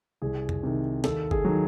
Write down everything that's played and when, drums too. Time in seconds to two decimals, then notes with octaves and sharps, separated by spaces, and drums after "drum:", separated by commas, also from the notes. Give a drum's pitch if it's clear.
0.22 C2 G#4
0.49 drum: tom F2
0.63 C3 D#3
1.04 D#2 A4, drum: snare
1.31 G#4, drum: kick G1
1.45 D#3 F#3